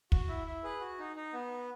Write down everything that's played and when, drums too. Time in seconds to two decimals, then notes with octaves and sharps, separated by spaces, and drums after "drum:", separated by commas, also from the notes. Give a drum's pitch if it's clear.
0.12 F#4, drum: kick
0.28 E4
0.46 E4
0.64 G#4 B4
0.80 F#4
0.99 D#4
1.16 D#4
1.33 B3